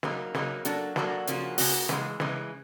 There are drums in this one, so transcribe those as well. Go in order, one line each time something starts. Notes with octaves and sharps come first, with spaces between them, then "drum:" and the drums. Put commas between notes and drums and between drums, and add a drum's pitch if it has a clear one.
C#3 F#3 A#3 D#4, drum: snare
C#3 F#3 A#3 D#4, drum: snare
F#3 A#3 D4 F#4 A4, drum: hi-hat
F#3 A#3 D4 F#4 A4, drum: snare
C#3 F3 A#3 C#4 F#4, drum: hi-hat
C#3 F3 A#3 C#4 F#4, drum: open hi-hat
C#3 E3 G#3, drum: snare
C#3 E3 G#3, drum: snare